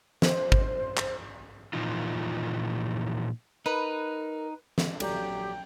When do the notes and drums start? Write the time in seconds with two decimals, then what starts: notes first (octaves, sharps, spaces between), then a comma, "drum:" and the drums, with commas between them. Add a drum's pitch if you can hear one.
0.22 C5, drum: snare
0.52 drum: kick
0.97 drum: clap
1.73 A#2 E3 F3 D#4 F4
3.66 D#4 A#4 B4
4.78 drum: snare
5.00 A#1 F#3 G4 A4 D5 G5 A#5, drum: cymbal